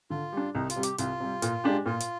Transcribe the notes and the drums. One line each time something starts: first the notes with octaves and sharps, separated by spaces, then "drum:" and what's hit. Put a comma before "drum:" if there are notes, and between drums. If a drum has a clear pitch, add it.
D3 F4
G3 D4
C2 D#4
F4, drum: hi-hat
C3 G3
G4, drum: hi-hat
C2 F4, drum: hi-hat
C3 G3
A#2, drum: hi-hat
G#3 D4 G4
A#2 F4
drum: hi-hat